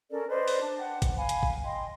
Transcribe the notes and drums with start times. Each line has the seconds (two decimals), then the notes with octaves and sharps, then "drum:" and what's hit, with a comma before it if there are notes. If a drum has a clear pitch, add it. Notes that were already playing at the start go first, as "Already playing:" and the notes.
0.11 C#4 A4 A#4 D5
0.29 B4 C5 D5 D#5
0.48 drum: open hi-hat
0.61 D4 A5
0.79 F#5 G5
1.02 drum: kick G#1, hi-hat
1.17 F5 G#5 B5
1.29 drum: hi-hat
1.43 drum: kick G#1
1.64 D#5 G5 C6